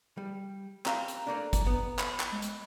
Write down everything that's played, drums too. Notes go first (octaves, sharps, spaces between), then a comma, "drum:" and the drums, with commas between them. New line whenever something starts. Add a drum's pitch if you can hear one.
G3
C4 G4 F5 A#5, drum: clap
drum: hi-hat
A3 A#3 D4
drum: kick G1, hi-hat
B3
B5, drum: clap
drum: clap
G#3
drum: hi-hat